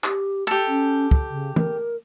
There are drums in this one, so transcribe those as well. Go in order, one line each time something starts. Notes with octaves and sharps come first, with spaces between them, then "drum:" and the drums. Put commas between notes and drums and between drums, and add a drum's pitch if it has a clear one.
G4, drum: clap
G4 A4
C#4
drum: kick
C#3
A#4, drum: tom E3